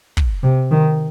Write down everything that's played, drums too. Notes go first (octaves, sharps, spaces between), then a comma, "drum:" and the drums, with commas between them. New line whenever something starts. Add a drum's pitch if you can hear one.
drum: kick
C3
D#3